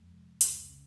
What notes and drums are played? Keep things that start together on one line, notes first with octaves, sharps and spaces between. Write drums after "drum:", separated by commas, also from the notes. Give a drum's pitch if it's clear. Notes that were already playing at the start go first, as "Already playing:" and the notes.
Already playing: F2 G#3
F1
C#2, drum: hi-hat
C#3